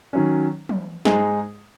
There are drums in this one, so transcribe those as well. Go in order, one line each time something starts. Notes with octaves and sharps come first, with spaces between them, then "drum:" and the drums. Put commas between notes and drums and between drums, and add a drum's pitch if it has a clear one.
D#3 F#3 C#4
drum: tom
G#2 G#3 D#4 G#4, drum: snare